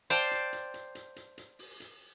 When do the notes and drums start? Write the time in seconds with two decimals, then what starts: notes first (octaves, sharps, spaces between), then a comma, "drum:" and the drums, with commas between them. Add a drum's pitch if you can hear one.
0.10 C5 D5 F5 G5 A5, drum: hi-hat
0.31 drum: hi-hat
0.53 drum: hi-hat
0.74 drum: hi-hat
0.95 drum: hi-hat
1.16 drum: hi-hat
1.38 drum: hi-hat
1.59 drum: open hi-hat
1.80 drum: hi-hat